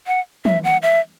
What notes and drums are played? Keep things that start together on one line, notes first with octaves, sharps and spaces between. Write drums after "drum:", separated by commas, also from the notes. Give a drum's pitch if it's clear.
F#5
E5, drum: tom
F#5
E5